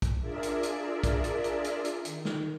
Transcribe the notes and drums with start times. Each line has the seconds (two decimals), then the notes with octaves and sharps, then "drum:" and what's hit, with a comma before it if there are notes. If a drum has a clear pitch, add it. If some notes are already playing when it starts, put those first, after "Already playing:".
0.02 drum: kick, hi-hat
0.19 D4 F4 G#4 A#4 D5 E5
0.43 drum: hi-hat
0.63 drum: hi-hat
1.04 drum: kick, hi-hat
1.24 drum: hi-hat
1.44 drum: hi-hat
1.64 drum: hi-hat
1.85 drum: hi-hat
2.05 D#3, drum: hi-hat
2.25 drum: snare